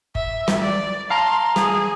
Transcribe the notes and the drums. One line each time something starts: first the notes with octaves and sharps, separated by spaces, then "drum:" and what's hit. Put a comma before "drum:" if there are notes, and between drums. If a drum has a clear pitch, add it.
E5, drum: kick F#1
drum: snare
D5
F5 A5 A#5 C6
G#4, drum: snare